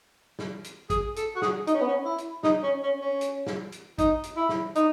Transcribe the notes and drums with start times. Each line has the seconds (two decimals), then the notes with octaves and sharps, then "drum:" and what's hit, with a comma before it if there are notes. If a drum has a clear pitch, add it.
0.39 drum: snare
0.64 drum: hi-hat
0.90 G#4, drum: kick, hi-hat
1.16 A4, drum: hi-hat
1.36 F#4
1.42 G#4, drum: snare
1.67 D#4, drum: hi-hat
1.74 C#4
1.81 B3
1.88 C#4
2.05 E4
2.18 drum: hi-hat
2.43 D#4, drum: snare
2.63 C#4
2.83 C#4
3.01 C#4
3.21 drum: hi-hat
3.47 drum: snare
3.72 drum: hi-hat
3.98 D#4, drum: kick, hi-hat
4.23 drum: hi-hat
4.37 E4
4.49 drum: snare
4.75 D#4, drum: hi-hat